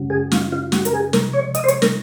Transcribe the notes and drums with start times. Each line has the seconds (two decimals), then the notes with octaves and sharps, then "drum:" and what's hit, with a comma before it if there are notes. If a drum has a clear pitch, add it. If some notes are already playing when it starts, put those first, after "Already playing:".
Already playing: F#2 C#3 G#3 C#4 F#4
0.10 G#4
0.31 F4, drum: snare
0.52 F4
0.72 F#4, drum: snare
0.85 A#4, drum: hi-hat
0.93 G#4
1.13 C2 C3 F3 G#3 A#4, drum: snare
1.33 C#5
1.55 D#5, drum: hi-hat
1.64 C5
1.68 C#5, drum: hi-hat
1.82 A#4, drum: snare